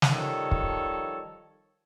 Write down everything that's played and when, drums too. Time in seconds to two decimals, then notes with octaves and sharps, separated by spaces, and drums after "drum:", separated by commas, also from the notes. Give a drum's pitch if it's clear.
0.02 drum: snare
0.12 D#3 F3 G3 A4 C#5
0.51 drum: kick